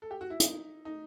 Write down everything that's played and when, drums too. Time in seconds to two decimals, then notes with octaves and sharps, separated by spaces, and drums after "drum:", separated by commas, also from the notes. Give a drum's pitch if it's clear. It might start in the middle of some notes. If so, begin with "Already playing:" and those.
0.02 A4
0.11 G4
0.21 F#4
0.30 E4
0.40 D#4, drum: hi-hat
0.85 D#4